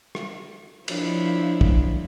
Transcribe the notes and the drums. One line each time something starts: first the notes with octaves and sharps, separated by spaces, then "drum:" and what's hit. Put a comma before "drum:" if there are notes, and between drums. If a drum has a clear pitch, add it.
drum: rim click
F3 D4 E4, drum: cymbal
drum: kick